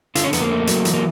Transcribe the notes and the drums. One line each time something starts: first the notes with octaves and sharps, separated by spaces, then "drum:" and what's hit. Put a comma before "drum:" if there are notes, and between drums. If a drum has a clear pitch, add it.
D3 F4, drum: hi-hat
C#4
F2 B3, drum: hi-hat
A#3
A3
F#3, drum: hi-hat
E3, drum: hi-hat
A#3